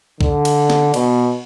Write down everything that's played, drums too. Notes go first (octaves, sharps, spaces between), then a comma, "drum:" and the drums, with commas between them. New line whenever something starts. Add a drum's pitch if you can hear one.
D3, drum: kick
drum: cymbal
drum: snare
B2, drum: cymbal